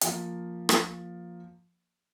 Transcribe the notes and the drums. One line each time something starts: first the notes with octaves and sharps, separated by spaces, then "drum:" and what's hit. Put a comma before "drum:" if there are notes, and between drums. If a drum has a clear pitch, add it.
F3 A#3, drum: hi-hat
drum: rim click